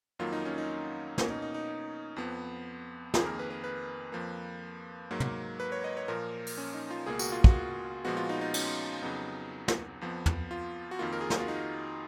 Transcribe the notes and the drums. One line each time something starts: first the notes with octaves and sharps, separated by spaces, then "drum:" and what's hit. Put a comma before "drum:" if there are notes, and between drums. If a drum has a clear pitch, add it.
F2 D#3 F#3 A#3 F4
D#4
C#4
D#4
B2 A#3 C#4, drum: snare
D#4
D#4
D#4
F2 F3 B3
F2 D#3 A#3 G#4, drum: snare
A#4
B4
B4
B4
F2 F3 A#3
G#2 F#3 A#3
drum: tom
B4
C#5
D#5
C#5
A#2 F3 A#3 A#4
drum: open hi-hat
C#4
D#4
F4
C#2 B2 A#3 G#4
F#4, drum: tambourine
F4
F#4, drum: kick
A#2 F3 G#3 B3 F#4
F4
D#4
D#4
C#4, drum: cymbal
F2 C#3 F#3 B3 D#4
drum: snare
F2 F3 B3
drum: tom
F4
F#4
F2 D#3 A#3 F4
A#4
G#4
F#4, drum: snare
F4
D#4